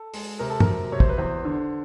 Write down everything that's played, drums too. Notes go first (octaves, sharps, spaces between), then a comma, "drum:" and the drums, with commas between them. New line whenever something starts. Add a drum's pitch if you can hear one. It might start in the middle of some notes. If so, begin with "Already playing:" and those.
Already playing: A4
G#3, drum: open hi-hat
C3 A#4
A4
A#4, drum: tom
F#3
C3 C#5
C5, drum: kick
B4
E2 C5
D3